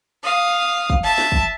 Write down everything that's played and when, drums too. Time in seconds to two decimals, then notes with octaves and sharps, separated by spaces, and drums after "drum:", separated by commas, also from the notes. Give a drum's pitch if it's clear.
0.23 F5 D#6
0.90 drum: kick
1.04 E5 A5
1.18 drum: snare
1.32 drum: kick